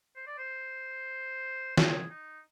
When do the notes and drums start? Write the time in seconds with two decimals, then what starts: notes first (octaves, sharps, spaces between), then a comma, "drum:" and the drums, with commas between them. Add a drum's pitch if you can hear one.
0.16 C5
0.27 D5
0.38 C5
1.77 G#4, drum: snare
2.10 D#4